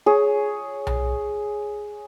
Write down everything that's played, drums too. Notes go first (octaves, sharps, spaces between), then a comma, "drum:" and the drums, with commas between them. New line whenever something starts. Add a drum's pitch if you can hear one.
G#4 C#5
drum: tom B1